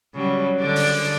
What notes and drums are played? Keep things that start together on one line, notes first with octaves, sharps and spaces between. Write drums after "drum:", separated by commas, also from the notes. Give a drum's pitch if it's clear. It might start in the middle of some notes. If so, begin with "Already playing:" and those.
C#3 F#3 G3
D3 D4 D5
drum: open hi-hat